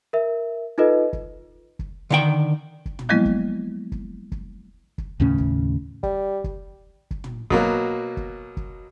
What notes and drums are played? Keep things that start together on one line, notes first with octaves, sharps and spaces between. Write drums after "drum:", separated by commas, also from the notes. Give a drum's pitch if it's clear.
A#4 E5
D#4 F4 A4 B4 D#5
drum: kick
drum: kick
D3 D#3 G5
drum: kick
drum: tom
F3 F#3 G#3 A#3 B3 E4
drum: kick
drum: kick
drum: kick
drum: kick
D#2 A2 C#3 C#4
drum: kick
G3, drum: kick
drum: kick
drum: kick
drum: tom
B2 F#3 A#3, drum: kick
drum: kick
drum: kick